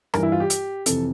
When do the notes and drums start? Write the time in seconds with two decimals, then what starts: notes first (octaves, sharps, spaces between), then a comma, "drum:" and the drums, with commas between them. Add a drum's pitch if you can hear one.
0.14 G2 E3 A#4, drum: rim click
0.23 E4
0.32 F4
0.40 G4
0.50 drum: hi-hat
0.86 F2 C3 E3 A4, drum: hi-hat